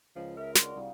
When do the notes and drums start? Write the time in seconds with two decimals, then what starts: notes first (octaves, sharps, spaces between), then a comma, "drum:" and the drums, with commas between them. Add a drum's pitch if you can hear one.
0.16 C#2 F3 G#4 D#5
0.37 A#4 E5
0.55 D4 F#4 C6, drum: snare
0.75 C2 G3 D#4 F5